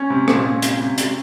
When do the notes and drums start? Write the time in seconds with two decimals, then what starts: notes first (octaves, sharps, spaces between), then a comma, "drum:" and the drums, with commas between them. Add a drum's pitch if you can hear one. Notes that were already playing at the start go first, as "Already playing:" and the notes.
Already playing: C#4
0.10 C3
0.28 A#2, drum: rim click
0.45 A#2
0.62 C3, drum: hi-hat
0.80 C3
0.98 C3, drum: hi-hat